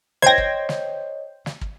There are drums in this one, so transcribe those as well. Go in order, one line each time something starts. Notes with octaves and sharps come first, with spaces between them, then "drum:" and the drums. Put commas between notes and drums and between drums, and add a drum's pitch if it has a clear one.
C5 C#5 D#5 G5 G#6 A#6, drum: snare
drum: kick
drum: snare
drum: snare
drum: kick